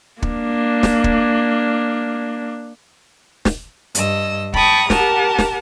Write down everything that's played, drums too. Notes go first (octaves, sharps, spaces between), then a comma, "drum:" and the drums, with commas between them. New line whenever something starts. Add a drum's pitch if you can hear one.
A#3 D4, drum: kick
drum: snare
drum: kick
drum: snare
G2 D#5 E6, drum: hi-hat
G5 A5 B5 C#6 D#6, drum: kick
G4 A#4 F#5 A5, drum: snare
drum: snare